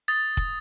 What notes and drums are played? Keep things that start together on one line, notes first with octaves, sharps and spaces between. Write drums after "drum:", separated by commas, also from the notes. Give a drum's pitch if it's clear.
D#6 A6
drum: kick